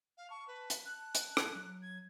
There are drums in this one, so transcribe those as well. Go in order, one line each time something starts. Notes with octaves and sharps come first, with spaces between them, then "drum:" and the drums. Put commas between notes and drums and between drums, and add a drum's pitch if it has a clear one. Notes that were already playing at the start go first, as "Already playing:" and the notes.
F5
A5 C#6
B4
drum: hi-hat
F#6
drum: hi-hat
drum: rim click
F#3
G#6